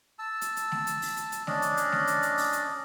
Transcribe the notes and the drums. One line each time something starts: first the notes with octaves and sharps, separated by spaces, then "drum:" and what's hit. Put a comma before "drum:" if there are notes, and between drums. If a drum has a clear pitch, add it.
A5 E6
drum: hi-hat
drum: hi-hat
drum: snare A3
drum: hi-hat
drum: open hi-hat
drum: hi-hat
drum: hi-hat
C#4 D4 D5 D#5, drum: snare A3
drum: hi-hat
drum: hi-hat
drum: snare A3
drum: hi-hat
drum: hi-hat
drum: open hi-hat
drum: hi-hat